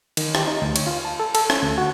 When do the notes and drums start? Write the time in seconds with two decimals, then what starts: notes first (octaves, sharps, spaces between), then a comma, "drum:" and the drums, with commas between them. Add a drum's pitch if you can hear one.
0.17 D#3, drum: cymbal
0.35 G4, drum: rim click
0.47 D#4
0.62 D2
0.76 C#5, drum: cymbal
0.87 F4
1.05 A5
1.20 A4
1.35 A4, drum: cymbal
1.50 C#4, drum: rim click
1.63 D2
1.78 F#4